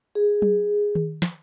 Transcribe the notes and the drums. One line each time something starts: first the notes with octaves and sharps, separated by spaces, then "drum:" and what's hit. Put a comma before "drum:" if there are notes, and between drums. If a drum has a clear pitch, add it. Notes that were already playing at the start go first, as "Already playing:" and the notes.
G#4
drum: tom F#3
drum: tom D#3
drum: snare